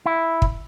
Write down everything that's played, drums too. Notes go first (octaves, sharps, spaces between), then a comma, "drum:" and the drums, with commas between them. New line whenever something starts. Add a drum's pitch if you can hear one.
E4
drum: kick